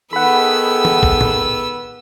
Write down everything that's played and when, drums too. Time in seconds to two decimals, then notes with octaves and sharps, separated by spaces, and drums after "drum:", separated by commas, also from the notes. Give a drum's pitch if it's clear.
0.13 D#3 B3 G#4 A4 F#5 B5 E6
0.85 drum: tom E3
1.03 drum: kick A1
1.21 drum: tom